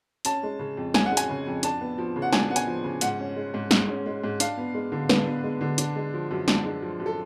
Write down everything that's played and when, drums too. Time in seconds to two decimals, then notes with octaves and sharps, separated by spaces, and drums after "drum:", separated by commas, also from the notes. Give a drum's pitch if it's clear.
0.25 C#4 A5, drum: hi-hat
0.43 G#3
0.59 C#3
0.77 F2
0.94 C#4 G#5, drum: snare
1.05 F#5
1.12 G#3
1.17 G#5, drum: hi-hat
1.30 C#3
1.47 F2
1.63 D4 A5, drum: hi-hat
1.81 B3
1.98 F3
2.16 C#3
2.22 F#5
2.33 D4 G#5, drum: snare
2.51 B3 F#5
2.56 G#5, drum: hi-hat
2.67 F3
2.84 C#3
3.01 G#2 F#5, drum: hi-hat
3.19 C#4
3.36 G#3
3.54 G#2
3.71 G#2, drum: snare
3.88 C#4
4.06 G#3
4.23 G#2
4.40 D4 F5, drum: hi-hat
4.57 B3
4.74 G#3
4.92 D3
5.09 D4 B4, drum: snare
5.27 B3
5.43 G#3
5.61 D3
5.78 D4, drum: hi-hat
5.96 G#3
6.14 F3
6.31 F#2
6.48 D4, drum: snare
6.65 G#3
6.82 F3
7.00 F#2
7.06 A4